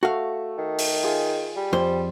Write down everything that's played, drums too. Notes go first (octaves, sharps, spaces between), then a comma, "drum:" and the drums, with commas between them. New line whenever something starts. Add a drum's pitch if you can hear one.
A3 F#4 F5
D#3
drum: open hi-hat
F4 G#4
G3
F2 C5